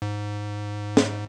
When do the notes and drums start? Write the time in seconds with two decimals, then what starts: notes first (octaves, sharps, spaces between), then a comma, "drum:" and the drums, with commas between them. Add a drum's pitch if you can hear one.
0.02 G#2
0.97 drum: snare